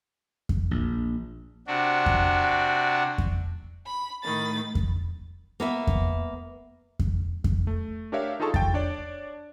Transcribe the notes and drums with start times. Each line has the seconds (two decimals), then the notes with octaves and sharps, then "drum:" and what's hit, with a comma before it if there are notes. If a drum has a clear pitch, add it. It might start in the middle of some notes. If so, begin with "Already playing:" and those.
0.49 drum: kick F2
0.71 A#1
1.67 C3 D4 F#4
2.06 drum: kick F2
3.18 drum: kick F2
3.86 B5
4.23 A2 D#3 B5 A6
4.75 drum: kick F2
5.60 A#3 B3 E5
5.87 drum: kick F2
6.99 drum: kick F2
7.44 drum: kick F2
7.67 A3
8.12 D4 G4 A#4 C#5 E5 F5
8.40 D#4 F4 G#4 A4 A5 C#6
8.54 G5 A6, drum: kick F2
8.74 D4 C#5 D5